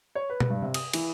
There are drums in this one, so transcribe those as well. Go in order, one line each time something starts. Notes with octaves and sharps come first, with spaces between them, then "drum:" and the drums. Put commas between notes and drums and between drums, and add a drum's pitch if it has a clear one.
C#5
B4
drum: tom B2
G2
C3
D#6, drum: cymbal
E3, drum: cymbal